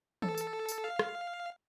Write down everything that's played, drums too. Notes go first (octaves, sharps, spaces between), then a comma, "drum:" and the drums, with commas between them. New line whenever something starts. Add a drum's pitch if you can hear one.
A4, drum: tom E3
drum: tambourine
drum: tambourine
F5
drum: rim click